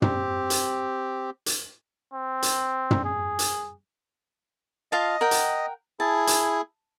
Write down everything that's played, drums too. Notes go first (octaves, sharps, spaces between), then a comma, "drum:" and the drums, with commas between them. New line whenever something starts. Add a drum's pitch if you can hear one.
C4 G4, drum: tom
drum: hi-hat
drum: hi-hat
C4
drum: hi-hat
drum: tom
G#4
drum: hi-hat
F4 D#5 F5 A5
A#4 F#5 G5
drum: hi-hat
E4 G#4 A5
drum: hi-hat